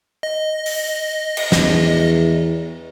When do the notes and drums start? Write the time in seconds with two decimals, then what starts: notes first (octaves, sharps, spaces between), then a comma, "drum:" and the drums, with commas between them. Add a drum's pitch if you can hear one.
0.23 D#5
0.66 drum: open hi-hat
1.37 drum: cymbal
1.52 E2, drum: snare